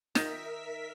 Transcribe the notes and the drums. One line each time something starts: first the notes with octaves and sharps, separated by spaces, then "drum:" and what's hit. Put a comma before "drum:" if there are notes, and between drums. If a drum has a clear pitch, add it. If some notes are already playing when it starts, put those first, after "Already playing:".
D#3 D#4 A#4 E5 B6, drum: snare